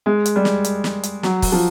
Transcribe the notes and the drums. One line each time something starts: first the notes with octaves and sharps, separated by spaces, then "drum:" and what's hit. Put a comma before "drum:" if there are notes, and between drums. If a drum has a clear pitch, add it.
G#3
drum: hi-hat
G3
drum: snare
drum: hi-hat
drum: snare
drum: hi-hat
F#3, drum: snare
drum: kick, open hi-hat
F3